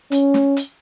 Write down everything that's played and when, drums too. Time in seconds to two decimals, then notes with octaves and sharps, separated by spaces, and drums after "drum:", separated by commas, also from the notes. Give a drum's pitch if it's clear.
0.12 C#4, drum: hi-hat
0.34 drum: snare
0.57 drum: hi-hat